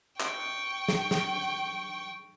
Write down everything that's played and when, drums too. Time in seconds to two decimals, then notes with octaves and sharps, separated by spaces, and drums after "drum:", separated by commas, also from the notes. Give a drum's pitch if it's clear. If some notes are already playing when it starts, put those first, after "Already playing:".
0.20 G5 C#6, drum: clap
0.88 drum: snare
1.11 drum: snare